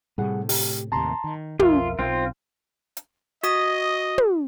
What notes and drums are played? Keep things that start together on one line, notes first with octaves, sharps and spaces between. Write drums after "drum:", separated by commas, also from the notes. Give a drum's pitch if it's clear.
A2 C3 G3 A3 G#4 F#5
G4, drum: open hi-hat
D#2 A2 C3 A5 A#5 C6
D#3
B1 F2 F4 A#4 E5, drum: tom
B1 C4 F4
drum: hi-hat
F#4 D#5 D#6, drum: hi-hat
drum: tom